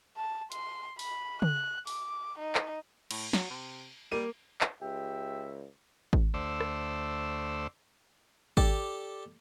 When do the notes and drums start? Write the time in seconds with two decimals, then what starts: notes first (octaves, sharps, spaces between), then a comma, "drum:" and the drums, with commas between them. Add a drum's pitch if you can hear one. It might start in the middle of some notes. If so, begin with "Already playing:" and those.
0.17 A5
0.52 C6, drum: hi-hat
0.99 B5, drum: open hi-hat
1.42 F#6, drum: tom C#3
1.87 D6, drum: open hi-hat
2.39 D#4
2.55 drum: clap
3.11 A2, drum: cymbal
3.33 F#3, drum: snare
3.50 C3
4.12 G3 A#3 D#7
4.61 drum: clap
4.82 C#2 G4 E5
6.13 drum: kick G#1
6.34 D2 A3 C5 D5 E6
6.60 drum: rim click
8.57 G4 A4 D5, drum: kick G#1